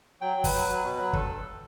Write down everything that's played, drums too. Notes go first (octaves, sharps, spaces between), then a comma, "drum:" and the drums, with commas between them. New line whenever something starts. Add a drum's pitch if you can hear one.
F#3 G5
F#3
B4, drum: kick, open hi-hat
F#3
F#3
B2
F#3
G2 A4, drum: kick
G2